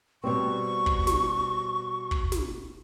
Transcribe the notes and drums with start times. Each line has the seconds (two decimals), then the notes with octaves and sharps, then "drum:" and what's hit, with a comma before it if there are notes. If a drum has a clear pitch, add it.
0.24 B2 G3 C4 C#6
0.86 drum: kick
1.07 drum: snare
2.11 drum: kick
2.32 drum: snare